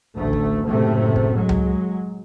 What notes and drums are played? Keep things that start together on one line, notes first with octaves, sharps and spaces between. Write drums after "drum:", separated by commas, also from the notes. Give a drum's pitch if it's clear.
A1 D2 A3
drum: kick
F#1 A2 C3 A3
drum: kick
F#3 G#3
drum: tom C#2